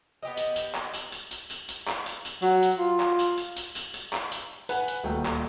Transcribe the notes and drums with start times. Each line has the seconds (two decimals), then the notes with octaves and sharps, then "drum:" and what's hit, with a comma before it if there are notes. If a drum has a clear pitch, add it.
0.23 B3 G4 D#5
0.37 drum: tambourine
0.56 drum: tambourine
0.75 drum: clap
0.94 drum: tambourine
1.12 drum: tambourine
1.31 drum: tambourine
1.50 drum: tambourine
1.69 drum: tambourine
1.87 drum: clap
2.06 drum: tambourine
2.25 drum: tambourine
2.42 F#3, drum: tambourine
2.63 drum: tambourine
2.78 F4
3.00 drum: clap
3.19 drum: tambourine
3.38 drum: tambourine
3.56 drum: tambourine
3.75 drum: tambourine
3.94 drum: tambourine
4.13 drum: clap
4.32 drum: tambourine
4.69 B4 F#5 G#5, drum: tambourine
4.88 drum: tambourine
5.04 D#1 D2 A3 G5
5.25 drum: clap